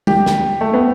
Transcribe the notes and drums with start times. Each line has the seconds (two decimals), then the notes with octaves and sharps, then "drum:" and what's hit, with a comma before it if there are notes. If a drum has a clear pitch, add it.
0.07 G4, drum: tom
0.26 drum: snare
0.61 A3
0.74 B3